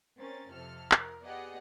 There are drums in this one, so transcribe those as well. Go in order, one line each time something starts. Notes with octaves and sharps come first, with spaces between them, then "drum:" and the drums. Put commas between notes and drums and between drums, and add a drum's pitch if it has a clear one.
C4 C#4 A#4 A6
F2 C3 A4 F6
A#4, drum: clap
B3 G4 G#4 D5 D#5 F#5